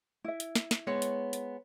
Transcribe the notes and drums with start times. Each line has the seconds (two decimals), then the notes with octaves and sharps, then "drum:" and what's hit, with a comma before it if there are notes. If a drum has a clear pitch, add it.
0.24 E4 E5
0.40 drum: hi-hat
0.55 drum: snare
0.71 drum: snare
0.87 G#3 B3 C#5
1.02 drum: hi-hat
1.33 drum: hi-hat